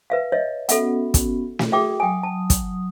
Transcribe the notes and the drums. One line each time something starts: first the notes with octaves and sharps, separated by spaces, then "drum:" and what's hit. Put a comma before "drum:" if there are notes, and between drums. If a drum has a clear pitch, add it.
B4 E5 F5
C#5 D#5 E5
B3 C#4 F#4 A4 E5 F#5, drum: hi-hat
drum: kick, hi-hat
drum: snare
F#4 G#4 E5 G5 D6 D#6
F#3 G5 G#5 D#6
A5
drum: kick, hi-hat